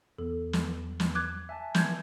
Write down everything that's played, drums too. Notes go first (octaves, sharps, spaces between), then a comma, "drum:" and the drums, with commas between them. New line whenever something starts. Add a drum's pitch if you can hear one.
E2 A4
drum: snare
drum: snare
D6 F#6 G#6
E5 G#5 A5
G6 G#6, drum: snare